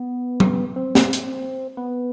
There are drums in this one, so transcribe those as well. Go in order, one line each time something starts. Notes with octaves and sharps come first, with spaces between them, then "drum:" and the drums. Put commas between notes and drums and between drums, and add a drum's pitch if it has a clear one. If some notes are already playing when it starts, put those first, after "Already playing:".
Already playing: B3
drum: tom F#3
C4
drum: snare
drum: hi-hat
B3